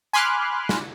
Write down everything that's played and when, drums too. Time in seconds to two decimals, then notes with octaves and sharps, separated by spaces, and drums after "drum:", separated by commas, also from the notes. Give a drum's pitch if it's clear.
0.13 G#5 B5 C6 D6 F6 F#6, drum: tambourine
0.69 drum: snare